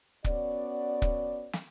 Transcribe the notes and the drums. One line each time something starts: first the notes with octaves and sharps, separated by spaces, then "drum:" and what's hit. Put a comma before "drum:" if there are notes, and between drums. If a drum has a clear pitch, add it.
B3 C#4 F#4 D5, drum: kick
drum: kick
drum: snare